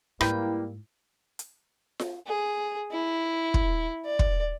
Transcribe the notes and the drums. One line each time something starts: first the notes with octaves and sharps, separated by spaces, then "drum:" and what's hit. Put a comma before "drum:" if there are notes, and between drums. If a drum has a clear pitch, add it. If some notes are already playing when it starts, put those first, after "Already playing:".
G#2 G3 A#3 E4 B4 G5, drum: rim click
drum: hi-hat
drum: snare F4
G#4
E4
drum: kick
D5
drum: kick